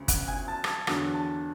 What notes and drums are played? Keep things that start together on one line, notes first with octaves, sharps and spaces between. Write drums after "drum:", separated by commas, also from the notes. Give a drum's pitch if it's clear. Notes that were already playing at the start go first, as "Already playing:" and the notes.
Already playing: D2 C#3
F#5 F#6, drum: kick G1, hi-hat
G#5 G#6
A5 A6
G#6, drum: rim click
A5 A6
E2 D3 F#3 F#5 F#6, drum: rim click
A5 A6